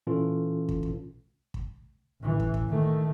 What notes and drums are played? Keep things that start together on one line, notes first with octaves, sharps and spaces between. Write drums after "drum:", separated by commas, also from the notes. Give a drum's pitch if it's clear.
A#2 E3 C#4 F4 A4
drum: kick
drum: kick
drum: kick
A1 E3
drum: kick
drum: kick
D#3 A3